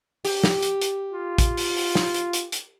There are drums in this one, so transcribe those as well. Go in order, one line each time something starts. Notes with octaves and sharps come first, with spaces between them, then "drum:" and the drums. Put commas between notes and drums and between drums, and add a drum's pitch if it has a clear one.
G4, drum: open hi-hat
drum: snare
drum: hi-hat
drum: hi-hat
F4
drum: kick, hi-hat
drum: open hi-hat
drum: open hi-hat
drum: snare
drum: hi-hat
drum: hi-hat
drum: hi-hat